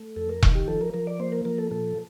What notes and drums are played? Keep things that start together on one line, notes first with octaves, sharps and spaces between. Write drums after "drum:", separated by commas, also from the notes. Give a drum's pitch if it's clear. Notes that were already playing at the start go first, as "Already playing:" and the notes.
Already playing: A3
F2 A4
A#4
D#3, drum: kick E1
G4
F3 A4
A#4
F3 A#4
D5
A#3 C5
A#4
F3 A#4
A4
A#2 A4